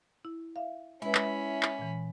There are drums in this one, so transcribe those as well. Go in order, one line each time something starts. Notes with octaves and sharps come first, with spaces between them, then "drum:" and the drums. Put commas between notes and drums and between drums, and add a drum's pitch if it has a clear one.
E4
E5 F5
G#3 C#4 E4 B4 B5
drum: clap
drum: clap
A#2 E3